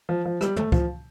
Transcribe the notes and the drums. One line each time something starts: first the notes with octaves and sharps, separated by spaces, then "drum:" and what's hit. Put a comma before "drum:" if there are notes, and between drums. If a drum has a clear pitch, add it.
F3
F3
G3, drum: rim click
A3, drum: tom
F3, drum: kick C#2